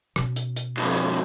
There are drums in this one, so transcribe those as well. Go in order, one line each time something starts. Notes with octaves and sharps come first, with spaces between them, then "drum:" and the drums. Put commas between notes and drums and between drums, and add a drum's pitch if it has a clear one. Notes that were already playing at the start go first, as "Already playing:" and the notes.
B2 C#4, drum: rim click
drum: hi-hat
drum: hi-hat
B1 F2
drum: hi-hat